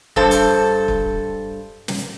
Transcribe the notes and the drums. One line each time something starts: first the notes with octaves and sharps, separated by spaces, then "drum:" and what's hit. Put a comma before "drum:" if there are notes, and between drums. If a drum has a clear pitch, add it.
G2 A4 C5, drum: kick
drum: hi-hat
drum: kick
drum: snare